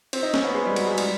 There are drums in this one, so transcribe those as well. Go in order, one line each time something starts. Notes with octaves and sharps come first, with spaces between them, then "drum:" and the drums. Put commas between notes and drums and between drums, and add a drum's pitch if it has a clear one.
C4, drum: cymbal
D#4
C#4, drum: snare
B3
G#3
G3
F#3, drum: cymbal
G#3
G3, drum: cymbal